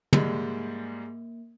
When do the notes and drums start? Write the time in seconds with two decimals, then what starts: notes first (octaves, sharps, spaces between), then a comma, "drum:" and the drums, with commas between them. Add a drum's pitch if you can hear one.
0.13 G#2 G3 G#3 A#3, drum: tom